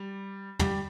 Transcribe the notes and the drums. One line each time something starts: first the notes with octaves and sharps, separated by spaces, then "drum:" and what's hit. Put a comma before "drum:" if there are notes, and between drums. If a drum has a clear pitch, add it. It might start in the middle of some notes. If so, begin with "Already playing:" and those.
Already playing: G3
G3 G4, drum: tom